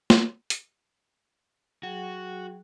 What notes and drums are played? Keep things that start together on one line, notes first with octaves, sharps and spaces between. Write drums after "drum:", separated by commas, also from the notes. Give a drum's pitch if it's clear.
drum: snare A#3
drum: hi-hat
F#3 F#4 G#4 G5